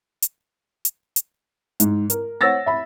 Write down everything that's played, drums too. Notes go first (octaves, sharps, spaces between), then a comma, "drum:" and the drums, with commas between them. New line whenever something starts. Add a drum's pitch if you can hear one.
drum: hi-hat
drum: hi-hat
drum: hi-hat
G#2, drum: hi-hat
A#4, drum: hi-hat
C5 C#5 F#5 E6 A6 A#6
E5 B5